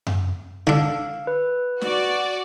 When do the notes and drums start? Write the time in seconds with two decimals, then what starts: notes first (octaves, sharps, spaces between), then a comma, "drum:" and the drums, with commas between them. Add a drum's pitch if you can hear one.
0.07 drum: tom F#2
0.67 D3 D4 F5 E6
1.27 B4
1.81 F#4 D5, drum: snare